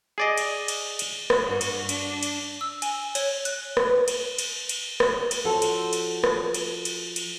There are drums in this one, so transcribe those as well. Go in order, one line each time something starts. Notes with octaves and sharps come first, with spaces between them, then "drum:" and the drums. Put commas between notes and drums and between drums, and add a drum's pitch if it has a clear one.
G#4 D5 D#5
drum: cymbal
drum: cymbal
drum: cymbal
drum: rim click
G2 F#4
drum: cymbal
D4, drum: cymbal
drum: cymbal
E6
G#5, drum: cymbal
C#5, drum: cymbal
F#6, drum: cymbal
drum: rim click
B4
drum: cymbal
drum: cymbal
drum: cymbal
drum: rim click
drum: cymbal
F3 C4 F#4 A4 C5 C#5
drum: cymbal
drum: cymbal
drum: rim click
drum: cymbal
drum: cymbal
drum: cymbal